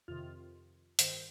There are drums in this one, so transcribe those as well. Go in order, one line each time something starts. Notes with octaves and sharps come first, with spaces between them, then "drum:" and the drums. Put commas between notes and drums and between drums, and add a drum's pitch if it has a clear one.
F2 C3 D#3 F4
G2 D#3 C5, drum: hi-hat